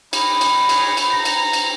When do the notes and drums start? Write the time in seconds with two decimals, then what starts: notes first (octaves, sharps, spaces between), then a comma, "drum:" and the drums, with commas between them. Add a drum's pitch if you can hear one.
0.13 G3 G#3 D#4 B5, drum: cymbal
0.41 drum: cymbal
0.69 D#4 G#4 C#5, drum: cymbal
0.97 drum: cymbal
1.11 A#5
1.25 drum: cymbal
1.53 drum: cymbal